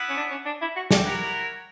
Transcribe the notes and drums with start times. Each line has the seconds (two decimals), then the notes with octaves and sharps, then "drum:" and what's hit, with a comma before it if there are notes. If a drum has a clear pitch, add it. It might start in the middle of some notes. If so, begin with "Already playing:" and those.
Already playing: B3 E4 B4 F#5
0.09 C#4
0.17 D4
0.31 C#4
0.46 D4
0.61 E4
0.76 F#4
0.91 G4, drum: snare
1.05 E4 A#4 C#5 F#5